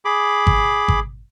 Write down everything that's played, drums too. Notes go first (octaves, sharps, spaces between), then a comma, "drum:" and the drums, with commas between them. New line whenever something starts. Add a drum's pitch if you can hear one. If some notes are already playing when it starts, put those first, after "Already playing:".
G#4 B5 D6
drum: kick G#1
drum: kick G#1